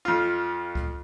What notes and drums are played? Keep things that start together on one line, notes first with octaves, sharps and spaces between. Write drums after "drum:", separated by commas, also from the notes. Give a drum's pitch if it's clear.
F2 F4
drum: kick C#2